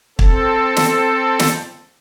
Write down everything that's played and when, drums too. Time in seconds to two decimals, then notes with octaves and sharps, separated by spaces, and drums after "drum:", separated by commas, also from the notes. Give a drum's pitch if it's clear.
0.19 C4 A4, drum: kick
0.77 drum: snare
1.39 drum: snare